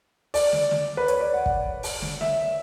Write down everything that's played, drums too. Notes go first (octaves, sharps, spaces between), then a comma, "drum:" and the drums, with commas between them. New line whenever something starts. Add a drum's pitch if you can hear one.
D5, drum: open hi-hat
drum: snare
drum: snare
B4
C#5, drum: hi-hat
D5
F#5
drum: kick
drum: open hi-hat
drum: snare
E5, drum: snare